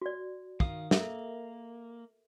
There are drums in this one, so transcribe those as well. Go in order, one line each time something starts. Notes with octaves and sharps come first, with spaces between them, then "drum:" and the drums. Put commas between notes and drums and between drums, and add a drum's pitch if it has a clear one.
F#4 D5
D#3 F5 D#6, drum: kick
A#3 A4 A#4 E5, drum: snare